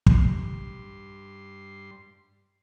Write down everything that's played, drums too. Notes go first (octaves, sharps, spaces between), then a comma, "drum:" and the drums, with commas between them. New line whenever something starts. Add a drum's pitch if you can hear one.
G2 C6, drum: kick